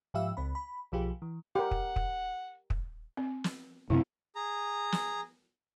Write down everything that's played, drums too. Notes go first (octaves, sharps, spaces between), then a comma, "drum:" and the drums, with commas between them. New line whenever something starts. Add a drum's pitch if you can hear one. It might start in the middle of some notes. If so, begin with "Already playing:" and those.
G#2 F3 G4 E5 F5 E6
C#2 C4 B5
B5
B1 F3 F4 G4 G#4
E3
G4 A#4 F#5
drum: kick
drum: kick
drum: kick
C4
drum: snare
F#2 C3 C4 E4
G#4 A#5
drum: snare